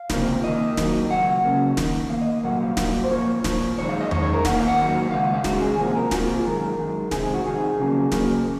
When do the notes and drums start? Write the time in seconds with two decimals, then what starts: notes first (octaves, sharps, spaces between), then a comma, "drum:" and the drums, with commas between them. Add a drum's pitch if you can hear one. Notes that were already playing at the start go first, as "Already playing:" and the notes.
Already playing: F5
0.10 C#2 C3 F3 A#3, drum: snare
0.43 D#2 D#3 A#3 D#5
0.77 D#2 D#3 F#3 A#3, drum: snare
1.10 C#2 C#3 F#3 F#5
1.44 C#2 C#3 F#3 A#3
1.77 D#2 D#3 A#3, drum: snare
2.10 D#2 D#3 A#3 F5
2.21 D#5
2.44 C2 A#2 F#3 A#3 F#5
2.60 F5
2.77 C2 A#2 F#3 A#3, drum: snare
3.03 C5
3.11 A#2 F3 A#3 C#5
3.44 A#2 F3 A#3, drum: snare
3.78 F#2 D#3 G#3 C#5
3.89 F5
4.01 D#5
4.11 F#2 D#3 G#3 C#5, drum: tom E2
4.23 C#5
4.33 A#4
4.45 G#2 D#3 A#3 F#5, drum: snare
4.56 F5
4.67 F#5
4.78 G#2 D#3 F#3 A#3
5.11 D#2 C#3 G#3 F5
5.23 F5
5.33 F5
5.44 D#2 C#3 G#3 F#4, drum: snare
5.61 G#4
5.78 F2 C3 F3 A#3 G#4
5.95 A#4
6.11 F2 C3 F3 A#3 F#4, drum: snare
6.23 F4
6.34 G#4
6.45 F#2 D#3 G#3 A#4
6.79 F#2 D#3 G#3
7.11 F2 C3 D#3 G#3 G#4, drum: snare
7.34 F#4
7.45 F2 C3 D#3 G#3 G#4
7.79 F2 C#3 F#3 A#3
8.12 F2 C#3 F#3 A#3, drum: snare